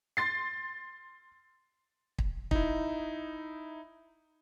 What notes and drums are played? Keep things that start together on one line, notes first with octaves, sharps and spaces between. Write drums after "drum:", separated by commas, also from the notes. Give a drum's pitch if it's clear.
C6 A6 C7
drum: kick
D#4 E4, drum: kick